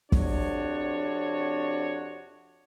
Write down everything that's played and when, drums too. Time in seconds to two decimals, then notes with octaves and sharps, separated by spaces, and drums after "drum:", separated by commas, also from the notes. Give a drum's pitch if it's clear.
0.12 F2 C3 D4 F#4 C#5, drum: kick